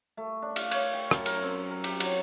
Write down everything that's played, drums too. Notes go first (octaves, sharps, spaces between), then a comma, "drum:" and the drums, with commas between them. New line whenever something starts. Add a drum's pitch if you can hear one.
A3
D4
F5, drum: cymbal
C#5, drum: cymbal
G5
F#2, drum: rim click
A#4, drum: cymbal
C4
A#4
G4, drum: cymbal
F#3, drum: cymbal